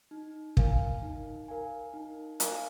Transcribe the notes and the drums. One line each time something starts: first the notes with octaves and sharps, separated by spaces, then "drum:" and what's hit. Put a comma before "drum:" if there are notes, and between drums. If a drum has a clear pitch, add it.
D#4
A#4 F5 G#5, drum: kick
D#4
A#4 F5 G#5
D#4
A#4 F5 G#5, drum: hi-hat